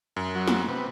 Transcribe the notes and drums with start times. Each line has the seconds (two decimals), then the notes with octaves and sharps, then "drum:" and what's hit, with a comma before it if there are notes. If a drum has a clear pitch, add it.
0.16 F#2
0.35 F#3
0.48 drum: snare
0.68 C3 B3